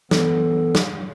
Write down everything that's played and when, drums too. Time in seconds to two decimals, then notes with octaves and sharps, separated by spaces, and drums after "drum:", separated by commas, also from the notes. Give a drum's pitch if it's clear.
0.11 E3 B3 A4, drum: snare
0.75 drum: snare